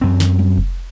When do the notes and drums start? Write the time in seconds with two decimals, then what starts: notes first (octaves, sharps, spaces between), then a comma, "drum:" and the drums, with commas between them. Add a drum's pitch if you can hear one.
0.01 F#2 C4
0.20 drum: snare
0.39 drum: tom F#3
0.58 drum: kick F1